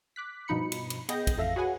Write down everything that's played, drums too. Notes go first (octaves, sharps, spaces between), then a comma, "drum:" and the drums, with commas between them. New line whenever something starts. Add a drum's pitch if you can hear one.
D6 F#6 B6
G2 B2 F3 D#4 B5 C#7
drum: cymbal
drum: cymbal
B3 G#4 D#5 G5 G6 A#6, drum: cymbal
drum: kick, cymbal
A1 F2 A4 E5 F5 A#6
F#4 G#4 B4 C#5 F#5 G#5